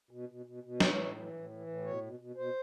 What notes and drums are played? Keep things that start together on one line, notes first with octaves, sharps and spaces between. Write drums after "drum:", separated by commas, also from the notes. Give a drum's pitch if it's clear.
B2
B2
B2
B2
E3 C#5, drum: snare
A2
E3
A2
E3
A2
B2 C#5
B2
B2
B2 C5